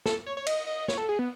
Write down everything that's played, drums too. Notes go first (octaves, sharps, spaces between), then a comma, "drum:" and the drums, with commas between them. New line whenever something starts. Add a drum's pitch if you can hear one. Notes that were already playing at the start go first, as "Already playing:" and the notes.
A4, drum: snare
C#5
C#5
D#5, drum: cymbal
D#5
C#5, drum: snare
A4
G#4
B3